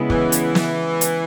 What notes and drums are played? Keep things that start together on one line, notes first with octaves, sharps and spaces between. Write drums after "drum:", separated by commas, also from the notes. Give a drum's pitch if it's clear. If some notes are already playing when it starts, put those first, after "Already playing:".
Already playing: C#3 G#3 B3 E4
E3, drum: kick
drum: hi-hat
drum: snare
drum: hi-hat